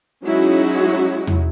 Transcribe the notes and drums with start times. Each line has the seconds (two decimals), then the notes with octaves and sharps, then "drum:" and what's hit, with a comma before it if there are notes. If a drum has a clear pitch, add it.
0.23 F#3 G#3 C#4 D#4 E4 F#4
1.27 drum: tom E2